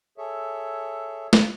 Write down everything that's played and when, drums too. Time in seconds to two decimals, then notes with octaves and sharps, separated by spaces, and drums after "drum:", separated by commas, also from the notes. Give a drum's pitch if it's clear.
0.18 G#4 A4 C#5 E5
1.33 drum: snare